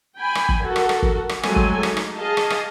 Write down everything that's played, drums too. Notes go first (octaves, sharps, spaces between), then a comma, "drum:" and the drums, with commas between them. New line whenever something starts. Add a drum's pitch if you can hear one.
G5 G#5 B5
drum: rim click
drum: kick
F#4 A4 A#4
drum: rim click
drum: rim click
drum: kick
drum: rim click
F#3 G#3 A3 C4 A4 G#5, drum: rim click
drum: kick
D#4, drum: rim click
drum: rim click
G#4 D#5 F5 A5
drum: rim click
drum: rim click